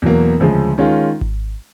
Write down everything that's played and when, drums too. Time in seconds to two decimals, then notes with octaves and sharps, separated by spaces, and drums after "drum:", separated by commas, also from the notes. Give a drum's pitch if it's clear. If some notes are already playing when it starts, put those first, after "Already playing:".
0.02 E2 B2 F#3 A#3
0.40 D2 C#3 F3 G#3
0.78 D#3 G#3 C#4 F4
1.21 drum: kick G#1